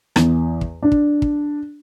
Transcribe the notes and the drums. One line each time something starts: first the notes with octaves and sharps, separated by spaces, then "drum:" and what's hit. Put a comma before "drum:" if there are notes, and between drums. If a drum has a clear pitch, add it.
E2, drum: rim click
drum: kick
D4
drum: kick
drum: kick